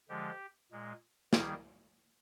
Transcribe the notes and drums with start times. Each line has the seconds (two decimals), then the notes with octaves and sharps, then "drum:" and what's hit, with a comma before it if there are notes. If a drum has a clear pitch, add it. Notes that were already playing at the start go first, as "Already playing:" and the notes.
0.09 D3 F3 G#3 G4
0.71 A#2 G#3
1.33 D#3 G3 A#3 G#4, drum: snare